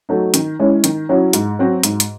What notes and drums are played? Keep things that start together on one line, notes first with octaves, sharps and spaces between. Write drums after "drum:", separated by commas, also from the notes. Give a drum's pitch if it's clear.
F#3 A3 D#4
D#3, drum: hi-hat
G#3 C#4 E4
D#3, drum: hi-hat
F#3 C#4 E4
G#2, drum: hi-hat
F#3 C4 F#4
G#2, drum: hi-hat
drum: hi-hat